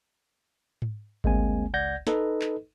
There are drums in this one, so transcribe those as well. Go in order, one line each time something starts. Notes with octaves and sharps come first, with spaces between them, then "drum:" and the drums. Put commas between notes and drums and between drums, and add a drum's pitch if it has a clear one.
drum: tom G#2
D2 G#3 A#3 C4 G#5, drum: kick G#1
C#2 D5 F#5 G6 G#6 A#6
D#4 A4 B4 D#5, drum: snare
drum: clap